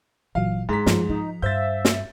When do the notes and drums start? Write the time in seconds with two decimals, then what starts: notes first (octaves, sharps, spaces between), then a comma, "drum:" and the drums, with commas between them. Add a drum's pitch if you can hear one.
0.35 G1 A#2 E3 F#3 F5
0.69 G#2 D#4 G#4 A#5 B6
0.86 G2 F3, drum: snare
1.09 F3 D#4
1.42 G2 C5 E5 F5 G6 A6
1.85 drum: snare